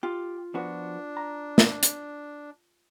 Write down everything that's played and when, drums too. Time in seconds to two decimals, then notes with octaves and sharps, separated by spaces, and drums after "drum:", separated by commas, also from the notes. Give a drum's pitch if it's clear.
0.03 F4 G4
0.54 F3 B3 D4 F#4
1.17 A#5
1.58 drum: snare
1.83 drum: hi-hat